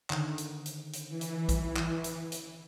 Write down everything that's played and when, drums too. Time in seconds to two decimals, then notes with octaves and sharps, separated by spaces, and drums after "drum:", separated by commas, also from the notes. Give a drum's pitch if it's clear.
0.10 D3 D#3, drum: clap
0.38 drum: hi-hat
0.66 drum: hi-hat
0.93 drum: hi-hat
1.09 E3
1.21 drum: hi-hat
1.49 drum: kick A#1, hi-hat
1.76 drum: clap
2.04 drum: hi-hat
2.32 drum: hi-hat